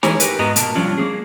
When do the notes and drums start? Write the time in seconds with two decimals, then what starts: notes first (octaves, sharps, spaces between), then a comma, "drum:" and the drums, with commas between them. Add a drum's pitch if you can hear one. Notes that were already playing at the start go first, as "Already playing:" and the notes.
0.03 E3 G#3 G#4 C#5 G#5 A#5, drum: snare
0.20 G4 A#4 B4, drum: hi-hat
0.39 G#2 B3 F#4 D#5 A#5
0.56 B2 A#3 A5, drum: hi-hat
0.75 F3 G3 C#4 D4 F4
0.97 A#3 B3 G#4